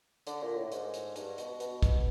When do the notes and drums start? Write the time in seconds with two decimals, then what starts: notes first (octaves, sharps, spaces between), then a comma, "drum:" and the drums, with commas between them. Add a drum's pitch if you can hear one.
0.27 D3, drum: hi-hat
0.42 A#2
0.57 A2
0.72 G#2, drum: hi-hat
0.94 drum: hi-hat
1.16 G2, drum: hi-hat
1.38 B2, drum: hi-hat
1.60 B2, drum: hi-hat
1.82 drum: kick, hi-hat